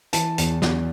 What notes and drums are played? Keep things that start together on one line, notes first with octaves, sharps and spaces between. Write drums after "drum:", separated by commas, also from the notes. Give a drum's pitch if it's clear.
E3 A5, drum: hi-hat
E2, drum: hi-hat
E2, drum: snare